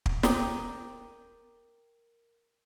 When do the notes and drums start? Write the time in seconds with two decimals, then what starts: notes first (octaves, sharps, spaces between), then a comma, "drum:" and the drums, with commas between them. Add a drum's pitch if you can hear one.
0.06 drum: kick
0.23 A#4 G5 D6 D#6, drum: snare